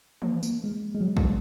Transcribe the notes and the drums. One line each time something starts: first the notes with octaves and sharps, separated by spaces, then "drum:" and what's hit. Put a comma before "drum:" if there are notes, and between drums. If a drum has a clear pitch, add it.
A#3, drum: tom E3
A#3, drum: tambourine
G#3
G#3
F#3
G#3, drum: kick